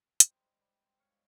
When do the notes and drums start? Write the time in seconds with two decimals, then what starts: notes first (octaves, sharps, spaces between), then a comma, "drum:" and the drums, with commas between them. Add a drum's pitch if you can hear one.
0.20 G3 C5 D#5, drum: hi-hat
0.40 G#2
0.60 G3
0.80 C4
0.99 G#2 C#5 F5